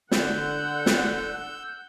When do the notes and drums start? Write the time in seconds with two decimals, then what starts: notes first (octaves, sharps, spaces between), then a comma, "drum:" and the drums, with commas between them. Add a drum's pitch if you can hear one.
0.11 D3 F#5 E6 G6, drum: snare
0.86 drum: snare